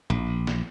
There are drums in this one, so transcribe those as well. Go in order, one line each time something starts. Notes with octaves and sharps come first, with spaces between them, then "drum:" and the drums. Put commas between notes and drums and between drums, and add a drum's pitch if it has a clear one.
A#1, drum: tom A2
drum: snare